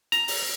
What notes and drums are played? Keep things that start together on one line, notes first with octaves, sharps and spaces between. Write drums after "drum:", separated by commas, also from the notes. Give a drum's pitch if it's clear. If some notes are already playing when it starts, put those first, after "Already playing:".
A#5, drum: hi-hat
drum: open hi-hat